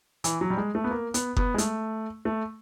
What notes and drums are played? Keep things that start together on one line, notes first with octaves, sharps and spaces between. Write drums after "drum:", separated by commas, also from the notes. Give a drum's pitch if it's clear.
E3, drum: hi-hat
F#3
G3
G#3
A3
B3
A#3
B3, drum: hi-hat
B3, drum: kick F#1
G#3
A3, drum: hi-hat
A3